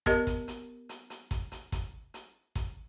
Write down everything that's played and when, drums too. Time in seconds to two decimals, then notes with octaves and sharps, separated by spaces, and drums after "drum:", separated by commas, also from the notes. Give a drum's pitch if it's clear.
0.06 B3 G4 A#4 D#5, drum: kick, hi-hat
0.27 drum: kick, hi-hat
0.48 drum: hi-hat
0.89 drum: hi-hat
1.10 drum: hi-hat
1.31 drum: kick, hi-hat
1.52 drum: hi-hat
1.72 drum: kick, hi-hat
2.14 drum: hi-hat
2.56 drum: kick, hi-hat